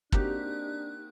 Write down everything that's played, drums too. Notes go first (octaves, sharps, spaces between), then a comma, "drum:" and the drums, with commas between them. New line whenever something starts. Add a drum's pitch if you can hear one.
A#3 C4 D4 D#4 F#4 G4 F#6, drum: kick